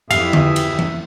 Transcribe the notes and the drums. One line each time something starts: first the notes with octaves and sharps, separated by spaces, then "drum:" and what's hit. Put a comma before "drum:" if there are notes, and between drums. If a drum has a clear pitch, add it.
F2 E3 G4 G#4 E5 F5 D#6, drum: cymbal
drum: tom D3
drum: cymbal
drum: tom E3